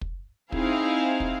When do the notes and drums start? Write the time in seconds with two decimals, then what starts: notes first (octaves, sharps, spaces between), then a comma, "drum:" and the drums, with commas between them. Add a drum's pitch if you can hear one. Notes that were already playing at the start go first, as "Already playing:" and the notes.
0.01 drum: kick
0.52 C4 D#4 E4 G#4 F5, drum: kick
1.20 drum: kick